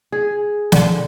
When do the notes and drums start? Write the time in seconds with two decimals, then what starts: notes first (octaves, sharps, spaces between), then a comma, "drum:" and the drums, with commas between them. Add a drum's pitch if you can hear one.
0.12 G#4
0.72 D3, drum: snare